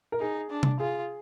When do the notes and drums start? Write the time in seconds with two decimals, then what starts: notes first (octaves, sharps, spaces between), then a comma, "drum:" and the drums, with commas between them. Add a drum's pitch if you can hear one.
0.12 A#4
0.20 D#4 G#4
0.50 D4
0.63 drum: tom C3
0.80 F4 G#4